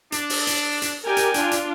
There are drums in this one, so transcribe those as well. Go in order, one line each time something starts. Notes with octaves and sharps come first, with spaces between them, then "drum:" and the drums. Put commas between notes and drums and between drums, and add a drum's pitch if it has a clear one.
D4, drum: hi-hat
drum: open hi-hat
drum: hi-hat
drum: hi-hat
D#4 G4 A#4 D5 G5 G#5
drum: hi-hat
D4 F4, drum: hi-hat
drum: hi-hat